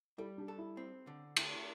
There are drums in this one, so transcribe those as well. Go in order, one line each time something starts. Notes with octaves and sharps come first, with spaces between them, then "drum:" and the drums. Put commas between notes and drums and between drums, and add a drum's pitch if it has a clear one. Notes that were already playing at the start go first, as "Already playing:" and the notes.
G3 E4 A4
D4 G4
A4
E4
C4
D3
A3 E4, drum: cymbal